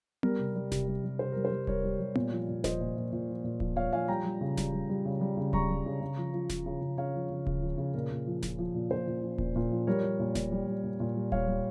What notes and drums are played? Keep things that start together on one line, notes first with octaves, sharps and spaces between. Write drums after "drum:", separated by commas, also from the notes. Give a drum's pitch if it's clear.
G3 A#4, drum: tom B3
C3
G3
C3, drum: snare D#1
G3
G3
C3 C5
G3 A#4
C5
G3
G3 A#4 C#5, drum: kick D1
G3
G3
A#2, drum: tom B3
F3
A#2
F3 C5 D#5, drum: snare D#1
A#2
A#2
A#2
F3
A#2
F3, drum: kick D1
A#2 C#5 F5
F3 F5 G#5
G3 G5 A#5
G3
C#3
G3, drum: snare D#1
G3
G3
C#3
G3
C#3
G3 A#5 C#6, drum: kick D1
G3
C#3
C#3
F3
F3
F3, drum: snare D#1
C#3
C#3
C#3 C#5 F5
F3
C#3
C#3, drum: kick D1
F3
C#3
A#2 A#4
A#2
F3
F3, drum: snare D#1
F3
A#2
A#2 C5
A#2
F3
A#2, drum: kick D1
A#2
F3
G3 A#4 C#5
G3
A#2
A#2, drum: snare D#1
G3
G3
A#2
A#2
G3
G3 C#5 F5, drum: kick D1
G3